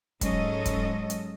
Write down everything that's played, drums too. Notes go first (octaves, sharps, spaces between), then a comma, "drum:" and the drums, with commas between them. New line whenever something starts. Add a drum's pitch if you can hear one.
G#2 F#3 G#3 C#4 A4 D#5, drum: kick, hi-hat
drum: kick, hi-hat
drum: hi-hat